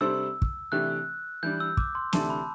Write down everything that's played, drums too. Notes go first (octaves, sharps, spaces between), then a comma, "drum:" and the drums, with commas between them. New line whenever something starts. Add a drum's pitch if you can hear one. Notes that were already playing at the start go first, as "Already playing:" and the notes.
C3 G3 D4 A4 C5 E6
drum: kick
C3 E3 A3 D4 G4 F#6
E3 G3 D4 G6
E6
D6, drum: kick
C6
D2 C3 E3 A3 D4 A5, drum: snare
B5